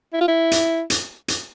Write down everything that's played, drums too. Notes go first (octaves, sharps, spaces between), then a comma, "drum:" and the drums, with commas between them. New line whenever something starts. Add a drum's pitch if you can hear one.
E4
F4
E4
drum: hi-hat
drum: hi-hat
drum: hi-hat